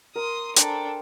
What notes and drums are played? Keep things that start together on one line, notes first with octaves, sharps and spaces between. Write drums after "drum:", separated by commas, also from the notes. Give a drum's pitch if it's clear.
A#4 C6 D#6
D4 A4 C5 G5 A#5, drum: hi-hat